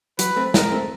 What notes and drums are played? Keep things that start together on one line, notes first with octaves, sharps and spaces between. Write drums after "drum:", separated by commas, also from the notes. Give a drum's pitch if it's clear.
F#3 B4, drum: hi-hat
A3 C4
F#3 A#4, drum: snare
A3 C4